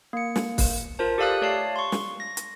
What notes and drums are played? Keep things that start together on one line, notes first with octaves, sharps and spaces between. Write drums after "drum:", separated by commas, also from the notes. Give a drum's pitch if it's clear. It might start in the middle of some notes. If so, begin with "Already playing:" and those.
A#3 C#7
drum: snare
drum: kick, open hi-hat
F4 A#4 C5 A5
G4 A4 D5 F5 D#6 F#6
A3 C#5 D5 F5 A5 C7
C6 C#6
drum: snare
A#6
drum: hi-hat